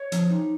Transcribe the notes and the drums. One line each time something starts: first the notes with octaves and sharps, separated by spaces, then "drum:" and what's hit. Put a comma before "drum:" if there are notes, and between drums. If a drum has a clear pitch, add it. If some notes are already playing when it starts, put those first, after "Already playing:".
Already playing: C#5
F3, drum: hi-hat
D#4